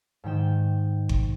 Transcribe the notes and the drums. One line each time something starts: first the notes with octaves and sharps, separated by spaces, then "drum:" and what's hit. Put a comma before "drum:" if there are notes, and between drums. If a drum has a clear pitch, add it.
G#2 D#3 G5 E7
drum: kick G1